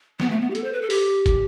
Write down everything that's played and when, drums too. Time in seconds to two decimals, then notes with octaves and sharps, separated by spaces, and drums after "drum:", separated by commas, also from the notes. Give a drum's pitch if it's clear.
0.20 B3, drum: snare
0.30 A3
0.41 B3
0.50 G4
0.55 A4, drum: hi-hat
0.64 C5
0.73 B4
0.81 A4
0.90 G4, drum: open hi-hat
1.26 drum: kick, hi-hat